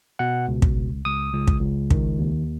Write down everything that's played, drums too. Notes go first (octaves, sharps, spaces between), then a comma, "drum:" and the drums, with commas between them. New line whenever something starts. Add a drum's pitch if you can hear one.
B2 F#5
C#2
drum: kick
C#2
C#2 D#6
C#2
drum: kick
C#2
D#3, drum: kick
D#2